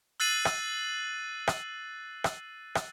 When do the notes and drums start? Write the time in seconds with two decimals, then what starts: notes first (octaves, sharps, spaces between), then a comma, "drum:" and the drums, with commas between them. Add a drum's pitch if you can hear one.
0.20 E6 F#6 A6 C7 D#7 F#7
0.45 drum: rim click
1.47 drum: rim click
2.24 drum: rim click
2.75 drum: rim click